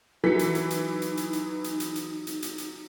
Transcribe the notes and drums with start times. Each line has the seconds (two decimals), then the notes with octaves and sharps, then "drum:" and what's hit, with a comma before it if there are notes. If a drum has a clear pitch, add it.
0.24 E3 F#3 D#4 B6 C#7
0.39 drum: hi-hat
0.55 drum: hi-hat
0.70 drum: hi-hat
1.02 drum: hi-hat
1.17 drum: hi-hat
1.33 drum: hi-hat
1.64 drum: hi-hat
1.80 drum: hi-hat
1.96 drum: hi-hat
2.27 drum: hi-hat
2.42 drum: hi-hat
2.58 drum: hi-hat